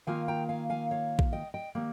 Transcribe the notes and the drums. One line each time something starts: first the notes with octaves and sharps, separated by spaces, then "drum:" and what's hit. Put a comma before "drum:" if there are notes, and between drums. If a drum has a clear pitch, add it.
D#3 A#3 F4 F5 G#5
G5 A#5
F5 G#5
F5 G#5
C#5 F5
drum: kick A#1
D#5 G5
D#5 G5
D#3 G3 A#3